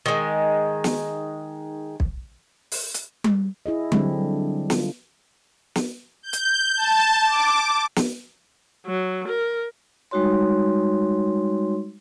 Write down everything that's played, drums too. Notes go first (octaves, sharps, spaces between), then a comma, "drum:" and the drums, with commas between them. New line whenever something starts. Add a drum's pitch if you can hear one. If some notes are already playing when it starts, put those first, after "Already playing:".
D#3 G#3
drum: snare
drum: kick B1
drum: open hi-hat
drum: hi-hat
drum: tom G3
E4 G#4 D#5
D3 F#3 G3 C4 D4 G#4, drum: tom G3
F4, drum: snare
drum: snare
G6
drum: hi-hat
A5
D6
drum: snare
F#3
A#4
G3 G#3 D#4 F#4 C#5 C6